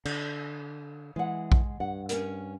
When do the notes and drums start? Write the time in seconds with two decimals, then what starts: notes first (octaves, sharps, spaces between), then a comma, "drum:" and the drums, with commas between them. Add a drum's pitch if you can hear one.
0.05 D3, drum: cymbal
1.16 E3 G#3 F#5
1.52 drum: kick A#1
1.80 G2 F#5
2.09 C#4 A#4, drum: hi-hat